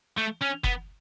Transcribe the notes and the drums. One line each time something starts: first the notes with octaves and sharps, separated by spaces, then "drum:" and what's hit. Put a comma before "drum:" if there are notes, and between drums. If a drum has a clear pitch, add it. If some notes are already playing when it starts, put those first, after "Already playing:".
A3
C#4
B3, drum: kick F#1